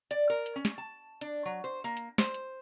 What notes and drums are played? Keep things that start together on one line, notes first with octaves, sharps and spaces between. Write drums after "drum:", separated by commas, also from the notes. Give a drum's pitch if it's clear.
D5, drum: hi-hat
A#4
drum: hi-hat
C#4
drum: snare
A5
D4, drum: hi-hat
F#3
C5
A#3
drum: hi-hat
C5, drum: snare
drum: hi-hat